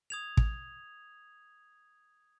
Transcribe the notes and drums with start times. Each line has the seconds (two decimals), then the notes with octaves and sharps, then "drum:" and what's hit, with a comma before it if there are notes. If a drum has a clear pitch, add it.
0.10 D#6 G#6 F7
0.37 drum: kick